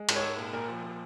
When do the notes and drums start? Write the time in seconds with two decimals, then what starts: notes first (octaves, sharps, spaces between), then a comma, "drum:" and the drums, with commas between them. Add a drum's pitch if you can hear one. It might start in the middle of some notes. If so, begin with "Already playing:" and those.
Already playing: G#3
0.09 G#2, drum: cymbal
0.16 C#5
0.23 G#2
0.38 A#2
0.53 A#2 A#4
0.68 F3
0.84 A#2